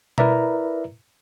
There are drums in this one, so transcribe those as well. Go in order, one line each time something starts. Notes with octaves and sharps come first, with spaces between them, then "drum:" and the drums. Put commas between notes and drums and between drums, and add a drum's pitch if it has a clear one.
E4 A#4 B4 D5 E5 A#5, drum: tom B2